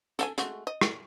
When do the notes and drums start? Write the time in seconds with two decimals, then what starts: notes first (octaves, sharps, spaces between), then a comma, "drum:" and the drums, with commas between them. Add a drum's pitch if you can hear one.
0.19 A4 F#5 G#5, drum: hi-hat
0.38 G#3 A3 F#4, drum: hi-hat
0.67 D#5
0.81 drum: rim click